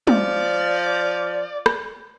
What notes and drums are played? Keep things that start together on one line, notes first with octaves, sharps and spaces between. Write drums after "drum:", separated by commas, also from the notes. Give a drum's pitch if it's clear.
F3 D5, drum: tom
drum: rim click